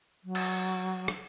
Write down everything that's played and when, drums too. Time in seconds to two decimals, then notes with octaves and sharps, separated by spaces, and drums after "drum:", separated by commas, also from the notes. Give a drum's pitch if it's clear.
0.24 F#3
0.35 drum: cymbal
1.08 drum: rim click